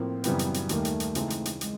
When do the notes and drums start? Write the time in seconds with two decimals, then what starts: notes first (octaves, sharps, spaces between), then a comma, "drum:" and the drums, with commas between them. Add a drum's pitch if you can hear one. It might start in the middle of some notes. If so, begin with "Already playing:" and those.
Already playing: A2 F3 A#3 C4
0.24 F#2 C#3 E3 G3 B3, drum: hi-hat
0.39 drum: hi-hat
0.54 drum: hi-hat
0.69 D#2 D#3 G3 A3 A#3, drum: hi-hat
0.85 drum: hi-hat
1.00 drum: hi-hat
1.15 C#3 E3 G#3 C4 D#4, drum: hi-hat
1.30 drum: hi-hat
1.45 drum: hi-hat
1.61 G#3, drum: hi-hat